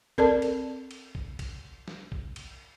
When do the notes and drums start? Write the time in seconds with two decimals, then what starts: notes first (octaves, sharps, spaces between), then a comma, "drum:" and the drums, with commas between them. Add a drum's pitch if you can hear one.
0.18 C4 A4 A#4 D5 A5, drum: kick B1
0.42 drum: cymbal
0.91 drum: cymbal
1.15 drum: kick B1
1.39 drum: kick B1, cymbal
1.88 drum: snare
2.12 drum: kick B1
2.36 drum: cymbal